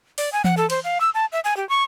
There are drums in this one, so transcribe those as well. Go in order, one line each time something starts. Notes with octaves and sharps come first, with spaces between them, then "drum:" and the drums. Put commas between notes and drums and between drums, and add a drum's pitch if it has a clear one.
D5, drum: open hi-hat
G#5
F#5, drum: tom E3
A4
C5, drum: cymbal
F5
E6
A5
E5
G#5
G4
C#6